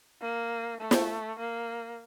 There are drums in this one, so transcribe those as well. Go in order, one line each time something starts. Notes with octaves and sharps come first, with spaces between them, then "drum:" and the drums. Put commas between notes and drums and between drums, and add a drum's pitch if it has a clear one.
A#3
A3
drum: snare
A#3